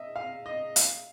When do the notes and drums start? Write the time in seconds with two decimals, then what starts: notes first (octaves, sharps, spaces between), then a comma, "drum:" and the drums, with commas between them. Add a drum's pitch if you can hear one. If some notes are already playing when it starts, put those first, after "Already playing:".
Already playing: D#5 E5
0.16 F5
0.46 D#5
0.76 F5, drum: hi-hat